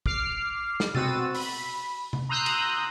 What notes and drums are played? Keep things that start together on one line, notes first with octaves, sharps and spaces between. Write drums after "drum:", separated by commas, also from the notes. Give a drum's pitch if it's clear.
D6 F6 C7, drum: kick
drum: snare
B2 C4 F#4 E6 A6 D#7, drum: tom C3
B5, drum: open hi-hat
drum: tom C3
A#5 C6 D#6 E6 F#6 G6
drum: cymbal